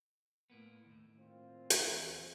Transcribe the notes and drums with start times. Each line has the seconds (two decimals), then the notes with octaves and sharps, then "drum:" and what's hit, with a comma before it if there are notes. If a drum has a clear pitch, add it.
0.50 A2 A#3 B3
0.86 D#2 A2
1.19 A#2 C4 F4
1.70 drum: hi-hat
1.95 E2